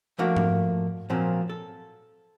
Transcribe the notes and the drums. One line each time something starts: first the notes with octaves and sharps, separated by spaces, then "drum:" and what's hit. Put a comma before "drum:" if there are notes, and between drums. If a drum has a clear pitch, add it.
F3 A3 A#3 D4 F#4 A4
drum: tom G#2
A#2 F3 F#3 A#3 C4
A4